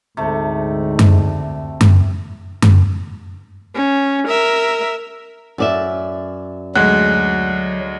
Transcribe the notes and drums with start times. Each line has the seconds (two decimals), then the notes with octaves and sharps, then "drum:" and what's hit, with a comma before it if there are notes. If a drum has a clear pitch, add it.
0.17 D2 G#2 C3 A3
0.99 drum: tom F#2
1.81 drum: tom F#2
2.62 drum: tom F#2
3.75 C#4
4.28 A#4 E5
5.58 F#2 D5 E5
6.76 D2 F#3 G#3 F#6